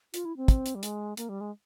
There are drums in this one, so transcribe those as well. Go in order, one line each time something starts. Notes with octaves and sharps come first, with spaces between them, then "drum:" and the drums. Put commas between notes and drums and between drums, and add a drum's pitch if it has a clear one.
F4, drum: hi-hat
E4
C4
drum: kick, hi-hat
drum: hi-hat
G3
G#3, drum: hi-hat
A#3, drum: hi-hat
G3
G#3